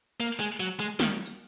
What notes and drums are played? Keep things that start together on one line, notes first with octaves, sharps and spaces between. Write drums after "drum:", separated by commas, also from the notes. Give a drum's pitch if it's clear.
A#3, drum: tambourine
G#3
F#3
G#3
D#3, drum: snare
drum: tambourine